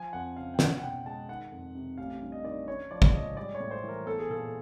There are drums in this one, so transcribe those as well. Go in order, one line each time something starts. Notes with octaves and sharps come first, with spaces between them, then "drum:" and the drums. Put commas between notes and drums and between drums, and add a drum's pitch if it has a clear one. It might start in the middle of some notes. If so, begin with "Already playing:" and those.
Already playing: F3 G#5
F2 F#5
C#3 F5
G5
C#4 F#5, drum: snare
F#5
B2 G5
G#3 A5
D#3 F#5
F2
C3
A1 F5
G2
D#5
D#3 D5
C#4 C#5
F3 D5
drum: kick
G#3 D#5
G3 D5
C#5
A2
C5
E3
A#4
B3 A4
G#4
A#2 A4